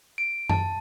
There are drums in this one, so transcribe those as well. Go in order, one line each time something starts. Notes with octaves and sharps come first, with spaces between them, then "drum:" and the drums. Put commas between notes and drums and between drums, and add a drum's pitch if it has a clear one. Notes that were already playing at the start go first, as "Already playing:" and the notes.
D7
A5, drum: tom F#2